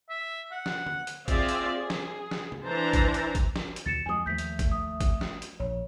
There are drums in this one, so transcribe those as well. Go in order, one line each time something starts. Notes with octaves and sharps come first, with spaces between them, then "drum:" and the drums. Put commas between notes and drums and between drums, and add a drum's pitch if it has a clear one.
E5
F#5
drum: snare
drum: tom
drum: hi-hat
C4 F4 G#4 D5 E5 F5, drum: kick, hi-hat
drum: hi-hat
G#4
drum: snare
drum: snare
drum: tom
E3 D4 E4 C5 A5 A#5
drum: kick, hi-hat
drum: hi-hat
drum: kick, hi-hat
drum: snare
drum: hi-hat
D#2 B2 E3 A6 C#7 E7
F2 F#3 G#3 G#5 D#6
D#2 F3 A3 G6 B6
drum: hi-hat
drum: kick, hi-hat
E5 D#6
drum: kick, hi-hat
drum: snare
drum: hi-hat
A#1 C#5